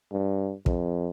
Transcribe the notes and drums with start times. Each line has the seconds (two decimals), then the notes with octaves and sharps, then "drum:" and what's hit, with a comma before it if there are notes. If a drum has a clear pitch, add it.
0.12 G2
0.66 F2, drum: kick